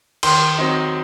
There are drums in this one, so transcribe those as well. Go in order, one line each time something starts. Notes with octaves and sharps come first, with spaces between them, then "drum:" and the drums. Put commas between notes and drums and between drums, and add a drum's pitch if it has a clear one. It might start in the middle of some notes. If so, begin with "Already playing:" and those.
D#3 C6, drum: cymbal
F#3 C4 D#4